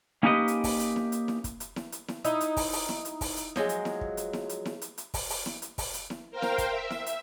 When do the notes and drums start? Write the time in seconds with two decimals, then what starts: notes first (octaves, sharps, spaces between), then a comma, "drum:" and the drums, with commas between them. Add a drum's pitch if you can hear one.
0.23 A#3 C#4 D#4 G4 B4 D#5
0.48 drum: hi-hat
0.64 drum: kick, open hi-hat
0.80 drum: hi-hat
0.96 drum: snare E4
1.12 drum: hi-hat
1.28 drum: snare E4
1.44 drum: kick, hi-hat
1.60 drum: hi-hat
1.76 drum: snare E4
1.92 drum: hi-hat
2.08 drum: snare E4
2.24 D#4 E4, drum: hi-hat
2.41 drum: hi-hat
2.57 drum: kick, open hi-hat
2.73 drum: open hi-hat
2.89 drum: snare E4
3.05 drum: hi-hat
3.21 drum: kick, open hi-hat
3.37 drum: hi-hat
3.56 F3 F#3 G#3, drum: snare E4
3.69 drum: hi-hat
3.85 drum: snare E4
4.01 drum: kick
4.17 drum: hi-hat
4.33 drum: snare E4
4.49 drum: hi-hat
4.65 drum: snare E4
4.82 drum: hi-hat
4.98 drum: hi-hat
5.14 drum: kick, open hi-hat
5.30 drum: open hi-hat
5.46 drum: snare E4
5.62 drum: hi-hat
5.78 drum: kick, open hi-hat
5.94 drum: hi-hat
6.10 drum: snare E4
6.31 A#4 C5 F5 G5
6.42 drum: snare E4
6.58 drum: kick, hi-hat
6.67 E5
6.90 drum: snare E4
7.06 drum: hi-hat